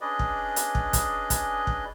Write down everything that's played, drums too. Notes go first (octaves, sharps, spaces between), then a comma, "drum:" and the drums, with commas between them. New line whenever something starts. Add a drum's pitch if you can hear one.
C#4 D4 G#4 B4 D5 D#5
drum: kick
drum: hi-hat
drum: kick
drum: kick, hi-hat
drum: kick, hi-hat
drum: kick